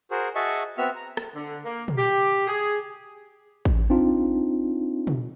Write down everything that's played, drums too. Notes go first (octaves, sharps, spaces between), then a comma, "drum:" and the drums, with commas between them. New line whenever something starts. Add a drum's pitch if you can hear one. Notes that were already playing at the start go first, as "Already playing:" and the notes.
F#4 G#4 A#4 C5
F#4 G#4 D#5 E5 A5 C#6
B3 C4 F#4 E5 F6
A#5
drum: rim click
D3
A#3
drum: tom
G4
G#4
drum: kick A1
C4 D4 D#4 F4
drum: tom